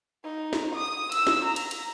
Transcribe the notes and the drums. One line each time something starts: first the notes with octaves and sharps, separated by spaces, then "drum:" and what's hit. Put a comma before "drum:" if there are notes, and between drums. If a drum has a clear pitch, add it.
D#4
drum: snare
D#6
E6, drum: cymbal
drum: snare
A#5
drum: cymbal
drum: cymbal